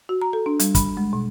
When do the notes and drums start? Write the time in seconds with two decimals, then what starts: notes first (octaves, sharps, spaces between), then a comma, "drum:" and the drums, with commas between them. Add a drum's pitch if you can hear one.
0.09 F#4
0.22 A#5
0.33 A4
0.46 D4
0.60 G3, drum: hi-hat
0.75 B5, drum: kick, hi-hat
0.97 G#3
1.13 B2